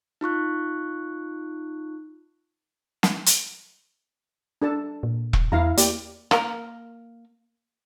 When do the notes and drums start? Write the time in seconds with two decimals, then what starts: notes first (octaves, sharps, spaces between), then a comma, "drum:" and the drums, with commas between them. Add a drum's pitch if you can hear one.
0.21 D#4 F4 C#6 F#6
3.03 drum: snare
3.26 drum: hi-hat
4.62 D4 A4 A5
5.03 A#2
5.33 drum: kick E1
5.52 E2 E4 F5 A#5
5.77 A#3 G4 D5, drum: hi-hat
6.31 A#3 A#4, drum: rim click